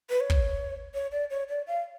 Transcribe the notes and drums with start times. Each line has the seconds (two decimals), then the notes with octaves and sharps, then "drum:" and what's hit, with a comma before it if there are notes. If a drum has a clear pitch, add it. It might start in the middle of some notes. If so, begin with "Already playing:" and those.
0.10 B4
0.20 C#5
0.30 drum: kick
0.94 C#5
1.12 D5
1.30 C#5
1.49 D5
1.67 F5